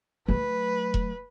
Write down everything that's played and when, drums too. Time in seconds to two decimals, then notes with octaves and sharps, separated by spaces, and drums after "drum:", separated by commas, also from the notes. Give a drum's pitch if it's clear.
0.28 F#3 A3 B4
0.94 drum: kick E1